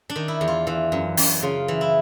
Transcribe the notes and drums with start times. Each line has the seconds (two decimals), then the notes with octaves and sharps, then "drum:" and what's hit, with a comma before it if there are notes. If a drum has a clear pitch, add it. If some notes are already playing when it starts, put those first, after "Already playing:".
0.10 D4
0.16 D#3
0.28 E4
0.41 E2
0.48 F4
0.67 E3
0.92 F#2
1.17 F#2, drum: open hi-hat
1.42 C#3 F4
1.68 E3
1.81 E4